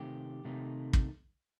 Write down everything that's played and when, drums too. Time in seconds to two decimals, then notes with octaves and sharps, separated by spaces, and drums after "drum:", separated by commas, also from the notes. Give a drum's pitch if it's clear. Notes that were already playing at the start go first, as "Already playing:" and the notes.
Already playing: C3 D#3 A3 D#4 G4
0.45 C3 D#3 A3 D#4
0.93 drum: kick